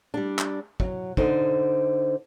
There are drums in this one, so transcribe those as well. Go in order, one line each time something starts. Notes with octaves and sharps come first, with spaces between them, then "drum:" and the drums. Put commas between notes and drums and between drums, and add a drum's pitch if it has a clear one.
G3 D4
drum: clap
F#3, drum: kick
D3 D#4 C5, drum: kick